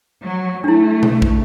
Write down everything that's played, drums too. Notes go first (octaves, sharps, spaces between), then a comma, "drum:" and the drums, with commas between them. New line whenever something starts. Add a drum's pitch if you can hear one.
F#3
A3 D4 E4
drum: tom B2
drum: kick